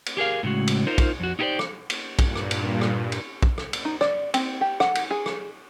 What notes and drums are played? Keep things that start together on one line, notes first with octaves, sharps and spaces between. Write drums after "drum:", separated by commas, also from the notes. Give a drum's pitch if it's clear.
drum: cymbal
G4 G#4 A#4 F5
A2 C#3 G#3 F#4
drum: cymbal
D#4 F4 A#4 C5
drum: kick, cymbal
F2 F#4
D#4 E4 G4 A#4 C5 D5
drum: rim click
drum: cymbal
G2 A#2, drum: kick, cymbal
drum: rim click
drum: cymbal
drum: rim click
drum: cymbal
drum: kick
drum: rim click
drum: cymbal
D#4
D5, drum: rim click
C4, drum: cymbal
G4
F#5, drum: rim click
drum: cymbal
G#4
drum: rim click